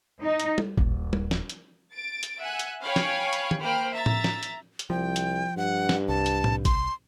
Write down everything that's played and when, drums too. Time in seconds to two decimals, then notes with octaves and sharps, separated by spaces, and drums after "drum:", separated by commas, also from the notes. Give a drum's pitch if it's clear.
0.21 D#4
0.40 drum: hi-hat
0.58 drum: tom
0.77 D#1 A#1, drum: kick G#1
1.13 drum: tom
1.31 drum: snare
1.49 drum: hi-hat
1.90 A6 D7
2.23 drum: hi-hat
2.39 E5 F#5 G#5 F#6
2.59 drum: hi-hat
2.84 C#5 F5 G5 G#5 B5
2.96 drum: snare
3.33 drum: hi-hat
3.51 drum: tom
3.61 A#3 C5 G5 B5 F6
3.92 E5 A#5 A6
4.06 drum: tom A2
4.24 drum: snare
4.43 drum: hi-hat
4.79 drum: hi-hat
4.90 C2 F3 G5
5.16 drum: hi-hat
5.57 G2 F#5
5.89 drum: snare
6.08 C2 A5
6.26 drum: hi-hat
6.44 drum: tom A2
6.65 C6, drum: kick G#1, hi-hat